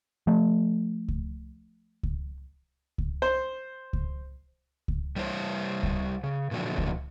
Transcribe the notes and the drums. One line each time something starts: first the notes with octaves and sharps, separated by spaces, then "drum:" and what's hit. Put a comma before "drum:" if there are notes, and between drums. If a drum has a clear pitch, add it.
F3 A3
drum: kick C#2
drum: kick C#2
drum: kick C#2
C5
drum: kick C#2
drum: kick C#2
G3 E4 C5 C#5
drum: kick C#2
C#3
A#2 D3 F3 F#3
drum: kick C#2